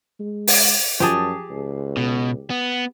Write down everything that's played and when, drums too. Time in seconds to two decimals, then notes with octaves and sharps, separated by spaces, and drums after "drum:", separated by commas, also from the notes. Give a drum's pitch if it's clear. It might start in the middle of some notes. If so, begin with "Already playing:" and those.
0.20 G#3
0.47 drum: open hi-hat
1.00 F#2 F3 G4 G#4 A5
1.51 C#2
1.97 B2
2.50 B3